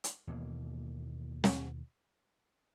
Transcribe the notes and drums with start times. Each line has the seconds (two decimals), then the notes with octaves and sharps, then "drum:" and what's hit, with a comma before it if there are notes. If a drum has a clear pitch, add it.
0.04 drum: hi-hat
0.27 D#2 B2 E3 A#3
1.44 drum: snare